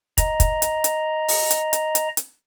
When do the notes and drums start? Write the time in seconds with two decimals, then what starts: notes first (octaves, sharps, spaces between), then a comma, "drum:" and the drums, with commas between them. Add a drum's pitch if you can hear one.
0.18 D#5 A#5, drum: kick, hi-hat
0.40 drum: kick, hi-hat
0.62 drum: hi-hat
0.84 drum: hi-hat
1.28 drum: open hi-hat
1.51 drum: hi-hat
1.73 drum: hi-hat
1.95 drum: hi-hat
2.17 drum: hi-hat